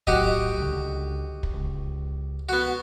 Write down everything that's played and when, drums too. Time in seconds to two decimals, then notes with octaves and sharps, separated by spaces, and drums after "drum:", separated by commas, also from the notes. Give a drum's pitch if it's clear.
0.07 B1 A2 F#3 F#4 G4 D#5, drum: kick
0.58 C#2 D3
1.43 drum: kick
1.53 C#2
2.49 B3 F#4